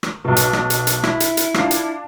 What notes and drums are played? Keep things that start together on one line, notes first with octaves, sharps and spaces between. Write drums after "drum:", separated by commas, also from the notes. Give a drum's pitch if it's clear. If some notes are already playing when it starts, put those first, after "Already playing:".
drum: rim click
B1 B2
drum: hi-hat
drum: rim click
drum: hi-hat
drum: hi-hat
E4, drum: rim click
drum: hi-hat
drum: hi-hat
D4 F4 C7, drum: rim click
drum: hi-hat